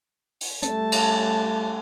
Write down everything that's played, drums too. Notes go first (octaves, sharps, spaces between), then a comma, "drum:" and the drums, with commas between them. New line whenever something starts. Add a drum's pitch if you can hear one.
drum: open hi-hat
G3 A3 A5, drum: hi-hat
drum: cymbal